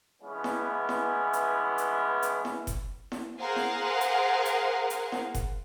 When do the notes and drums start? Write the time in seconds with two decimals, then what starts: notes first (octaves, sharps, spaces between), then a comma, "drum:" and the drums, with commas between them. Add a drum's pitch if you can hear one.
0.22 G2 E3 G#3 B3 C#4 E4
0.44 drum: snare E4
0.89 drum: snare E4
1.33 drum: hi-hat
1.78 drum: hi-hat
2.22 drum: hi-hat
2.45 drum: snare E4
2.67 drum: kick F#1, hi-hat
3.12 drum: snare E4
3.40 G#4 A#4 C5 F5 F#5
3.56 drum: snare E4
4.01 drum: hi-hat
4.45 drum: hi-hat
4.90 drum: hi-hat
5.12 drum: snare E4
5.35 drum: kick F#1, hi-hat